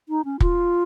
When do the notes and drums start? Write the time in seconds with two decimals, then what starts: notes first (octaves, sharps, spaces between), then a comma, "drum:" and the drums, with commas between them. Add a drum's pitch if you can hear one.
0.09 D#4
0.25 C#4
0.40 F4, drum: kick